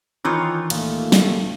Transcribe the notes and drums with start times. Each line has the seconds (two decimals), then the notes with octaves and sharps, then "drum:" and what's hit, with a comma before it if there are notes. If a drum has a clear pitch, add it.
0.25 D#3 E3 D#4 F4 C#5
0.70 D#2 A#2 A3, drum: cymbal
1.12 drum: snare